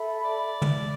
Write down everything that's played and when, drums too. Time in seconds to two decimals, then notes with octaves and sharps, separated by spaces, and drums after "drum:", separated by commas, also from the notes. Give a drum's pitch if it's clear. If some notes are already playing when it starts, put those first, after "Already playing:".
Already playing: A4 E5 B5
0.24 D5
0.62 drum: tom